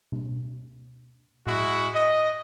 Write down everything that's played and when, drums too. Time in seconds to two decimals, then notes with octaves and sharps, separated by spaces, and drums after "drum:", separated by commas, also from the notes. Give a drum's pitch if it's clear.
0.12 drum: tom B2
1.47 G#3 E4 F#4, drum: tom A2
1.94 D#5